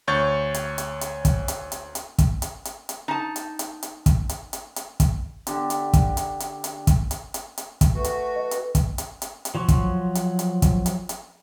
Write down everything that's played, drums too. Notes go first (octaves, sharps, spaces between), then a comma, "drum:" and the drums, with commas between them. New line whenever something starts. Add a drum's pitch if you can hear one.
D2 C#5 C#6 G6 A6
drum: hi-hat
drum: hi-hat
drum: hi-hat
drum: kick, hi-hat
drum: hi-hat
drum: hi-hat
drum: hi-hat
drum: kick, hi-hat
drum: hi-hat
drum: hi-hat
drum: hi-hat
D#4 A5
drum: hi-hat
drum: hi-hat
drum: hi-hat
drum: kick, hi-hat
drum: hi-hat
drum: hi-hat
drum: hi-hat
drum: kick, hi-hat
D3 G4, drum: hi-hat
drum: hi-hat
drum: kick, hi-hat
drum: hi-hat
drum: hi-hat
drum: hi-hat
drum: kick, hi-hat
drum: hi-hat
drum: hi-hat
drum: hi-hat
drum: kick, hi-hat
A3 F#4 B4
drum: hi-hat
D#5
drum: hi-hat
drum: kick, hi-hat
drum: hi-hat
drum: hi-hat
drum: hi-hat
F3 F#3 C6 C#6
drum: kick, hi-hat
drum: hi-hat
drum: hi-hat
drum: kick, hi-hat
drum: hi-hat
drum: hi-hat